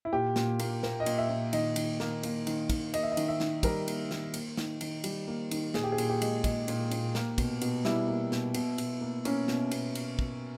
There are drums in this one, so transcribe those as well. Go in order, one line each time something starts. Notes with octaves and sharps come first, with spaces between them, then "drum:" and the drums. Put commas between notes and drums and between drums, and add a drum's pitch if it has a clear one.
E4
A#2 G4
A#2, drum: snare
A#3, drum: cymbal
A#3 A#4, drum: snare
D#5
A#2, drum: cymbal
E5
A#2
D#3 D#5, drum: cymbal
D#3, drum: cymbal
A#3, drum: snare
A#3, drum: cymbal
D#3, drum: cymbal
D#3, drum: kick, cymbal
A#3 D#5, drum: cymbal
E5
D#5
D#3, drum: cymbal
E5
D#3, drum: snare
G3 A#4, drum: kick, cymbal
A#3, drum: cymbal
D#3, drum: snare
A#3, drum: cymbal
D#3, drum: snare
D#3, drum: cymbal
G3, drum: cymbal
A#3
D#3, drum: cymbal
A#2 G#4, drum: snare
G4
G#4
A#2, drum: cymbal
G4
G#3, drum: cymbal
G#3, drum: kick, cymbal
A#2, drum: cymbal
A#2, drum: cymbal
A#3, drum: snare
B2, drum: kick, cymbal
B2, drum: cymbal
G3 E4, drum: snare
A#3
B2, drum: snare
B2, drum: cymbal
B2, drum: cymbal
A#3
A#3 C#4, drum: cymbal
B2, drum: snare
B2, drum: cymbal
drum: cymbal
drum: kick